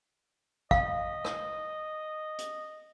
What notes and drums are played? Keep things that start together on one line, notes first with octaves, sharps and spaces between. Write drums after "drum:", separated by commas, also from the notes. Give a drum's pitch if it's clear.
D#5 F5, drum: kick
drum: rim click
drum: hi-hat